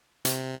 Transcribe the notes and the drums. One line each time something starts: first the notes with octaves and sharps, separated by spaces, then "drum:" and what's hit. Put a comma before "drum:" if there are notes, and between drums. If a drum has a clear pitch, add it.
C3, drum: hi-hat